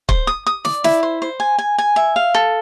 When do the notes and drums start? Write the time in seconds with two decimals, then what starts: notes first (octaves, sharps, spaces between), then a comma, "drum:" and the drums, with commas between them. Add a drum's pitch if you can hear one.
0.09 C5, drum: kick
0.27 D#6
0.47 D#6
0.65 D5, drum: snare
0.84 E4, drum: snare
1.03 C5
1.22 C5
1.40 G#5
1.58 G#5
1.78 G#5
1.96 E5
2.16 F5
2.34 A4